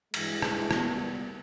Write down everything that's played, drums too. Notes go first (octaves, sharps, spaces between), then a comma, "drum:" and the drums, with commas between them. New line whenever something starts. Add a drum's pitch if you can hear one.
G2 E3 G#3, drum: cymbal
drum: rim click
C2 A#2 G3 B3, drum: rim click